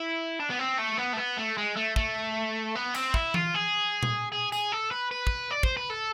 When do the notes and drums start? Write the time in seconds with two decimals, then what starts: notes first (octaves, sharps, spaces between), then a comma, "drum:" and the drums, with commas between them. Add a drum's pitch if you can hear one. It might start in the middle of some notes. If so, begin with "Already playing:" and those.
Already playing: E4
0.40 D4
0.50 B3
0.59 C4
0.78 A3
0.98 B3
1.14 A3
1.17 B3
1.37 A3
1.58 G#3
1.76 A3
1.96 A3, drum: kick
2.75 B3
2.94 C4, drum: cymbal
3.14 E4, drum: kick
3.34 F4, drum: tom E3
3.54 G#4
4.03 drum: tom A#2
4.32 G#4
4.52 G#4, drum: tambourine
4.72 A4
4.91 B4
5.11 B4
5.27 drum: kick
5.51 D5
5.63 C5, drum: kick
5.77 B4
5.90 A4